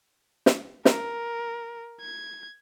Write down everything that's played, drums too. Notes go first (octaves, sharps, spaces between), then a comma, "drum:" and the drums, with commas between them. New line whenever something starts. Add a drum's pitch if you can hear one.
drum: snare
A#4, drum: snare
G#6